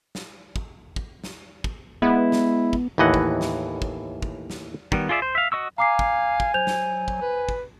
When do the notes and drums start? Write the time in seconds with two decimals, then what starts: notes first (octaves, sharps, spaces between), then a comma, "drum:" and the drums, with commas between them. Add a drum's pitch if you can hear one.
0.15 drum: snare
0.56 drum: kick
0.96 drum: kick
1.24 drum: snare
1.64 drum: kick
2.02 G#3 B3 E4
2.32 drum: snare
2.73 drum: kick
2.98 D#2 A2 E3 D#5 F#5
3.14 drum: kick
3.41 drum: snare
3.82 drum: kick
4.22 drum: kick
4.50 drum: snare
4.92 D#3 G3 B3, drum: kick
5.09 F4 G#4 D5 E5
5.22 C5
5.35 E5 F5
5.52 F#4 D#5 C#6 E6
5.78 F5 G#5 A#5 D6 C7
5.99 drum: kick
6.40 drum: kick
6.54 F#3 C5 G6 F7
6.67 drum: snare
7.08 drum: kick
7.21 B4
7.49 drum: kick